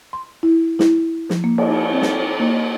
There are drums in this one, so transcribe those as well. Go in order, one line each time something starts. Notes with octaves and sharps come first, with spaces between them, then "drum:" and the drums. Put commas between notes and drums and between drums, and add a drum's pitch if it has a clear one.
C6
E4
E4, drum: snare
F3, drum: snare
A#3
drum: cymbal
C4
drum: snare
A#3